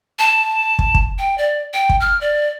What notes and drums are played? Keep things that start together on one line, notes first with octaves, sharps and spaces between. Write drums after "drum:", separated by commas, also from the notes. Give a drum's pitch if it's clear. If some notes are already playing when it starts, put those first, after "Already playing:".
A5
drum: kick
drum: kick
G5
D5
G5
drum: kick
F6
D5